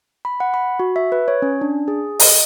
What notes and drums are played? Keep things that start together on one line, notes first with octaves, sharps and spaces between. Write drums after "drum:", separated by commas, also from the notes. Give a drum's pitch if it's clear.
B5
F#5
B5
F#4
E5
B4
C#5
C#4
D4
G#4
D#5, drum: open hi-hat